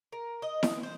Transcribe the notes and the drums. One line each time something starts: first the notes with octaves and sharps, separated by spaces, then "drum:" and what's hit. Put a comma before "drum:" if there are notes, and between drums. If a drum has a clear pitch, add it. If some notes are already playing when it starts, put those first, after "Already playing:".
A#4
D#5
drum: snare E4
C5